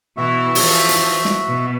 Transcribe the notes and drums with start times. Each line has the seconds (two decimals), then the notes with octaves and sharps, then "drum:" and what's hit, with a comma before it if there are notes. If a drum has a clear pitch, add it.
0.17 B2 E3 E4 F#4 E5
0.55 E3 F3, drum: open hi-hat
0.89 drum: hi-hat
1.25 drum: snare
1.47 B2